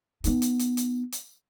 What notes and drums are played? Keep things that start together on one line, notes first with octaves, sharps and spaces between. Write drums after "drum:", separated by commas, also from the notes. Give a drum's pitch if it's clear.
B3 D#4, drum: hi-hat
drum: hi-hat
drum: hi-hat
drum: hi-hat
drum: hi-hat